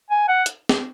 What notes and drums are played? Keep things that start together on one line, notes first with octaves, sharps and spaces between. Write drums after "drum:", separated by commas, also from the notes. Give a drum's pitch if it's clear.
G#5
F#5
drum: hi-hat
drum: snare